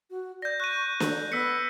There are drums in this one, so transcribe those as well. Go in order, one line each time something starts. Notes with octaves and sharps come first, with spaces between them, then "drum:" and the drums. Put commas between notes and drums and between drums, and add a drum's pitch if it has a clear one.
F#4
D5 G6 A#6
C#6 F#6 D#7
A4, drum: snare
B3 E6 B6 C#7